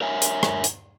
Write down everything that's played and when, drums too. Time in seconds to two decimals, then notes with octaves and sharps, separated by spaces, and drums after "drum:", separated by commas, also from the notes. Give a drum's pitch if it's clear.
0.01 A#4 C#5 E5 G#5
0.22 drum: hi-hat
0.43 drum: rim click
0.64 drum: hi-hat